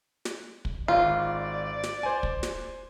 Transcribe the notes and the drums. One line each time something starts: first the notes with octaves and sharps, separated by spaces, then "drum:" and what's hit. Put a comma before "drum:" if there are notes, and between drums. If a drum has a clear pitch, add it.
drum: snare
drum: kick
G#1 F4 D5
drum: snare
C5 G#5
drum: kick
drum: snare